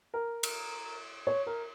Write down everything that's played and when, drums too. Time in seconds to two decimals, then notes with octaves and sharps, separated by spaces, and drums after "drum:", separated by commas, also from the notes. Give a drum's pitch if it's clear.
0.14 A#4
0.43 drum: cymbal
1.27 C#5
1.47 A#4